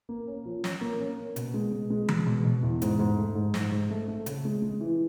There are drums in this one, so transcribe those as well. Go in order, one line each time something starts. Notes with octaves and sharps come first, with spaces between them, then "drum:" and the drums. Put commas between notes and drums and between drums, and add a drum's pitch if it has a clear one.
A#3
C#4
F3
C#4, drum: snare
A#3
C#4
A#3
B2, drum: hi-hat
G#3
B2
G#3
G#3, drum: tom E3
B2
B2
E2
G#2, drum: hi-hat
G#2
A3
G#2
G#2, drum: snare
G#2
A3
A3
C#3, drum: hi-hat
G#3
G#3
E3